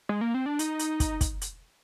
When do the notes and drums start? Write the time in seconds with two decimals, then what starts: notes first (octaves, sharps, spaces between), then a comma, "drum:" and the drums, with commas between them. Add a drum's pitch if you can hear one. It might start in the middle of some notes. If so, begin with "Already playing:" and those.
0.09 G#3
0.21 A#3
0.34 C4
0.46 D4
0.59 D#4, drum: hi-hat
0.79 drum: hi-hat
1.00 drum: kick, hi-hat
1.21 drum: kick, hi-hat
1.41 drum: hi-hat